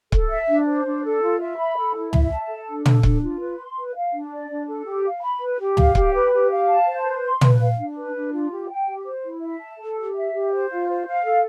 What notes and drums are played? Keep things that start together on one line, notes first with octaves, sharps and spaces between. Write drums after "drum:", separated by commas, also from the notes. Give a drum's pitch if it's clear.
A4, drum: kick C#1
E5
D4
C5
D4
A4
F4
E5
B5
A4
E4
E5, drum: tom
A5
A4
D4
A4, drum: tom
D4, drum: kick C#1
F4
B4
C6
B4
F5
D4
D5
D4
A4
G4
F5
B5
B4
G4
F5, drum: tom
G4, drum: kick C#1
B4
G4
F5
A5
C5
B4
C6
B4, drum: tom
F5
D4
B4
D4
F4
G4
G5
G4
C5
E4
E5
A5
A4
G4
E5
G4
C5
F4
C5
F5
A4